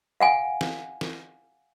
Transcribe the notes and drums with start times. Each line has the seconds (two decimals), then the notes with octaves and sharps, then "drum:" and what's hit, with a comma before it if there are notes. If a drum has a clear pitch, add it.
0.21 F5 F#5 G#5
0.61 drum: snare
1.01 drum: snare